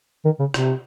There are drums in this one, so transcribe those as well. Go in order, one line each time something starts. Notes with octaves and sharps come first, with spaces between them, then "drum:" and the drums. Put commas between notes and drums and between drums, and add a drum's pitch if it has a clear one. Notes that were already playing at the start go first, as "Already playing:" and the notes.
D#3
C#3
C3, drum: rim click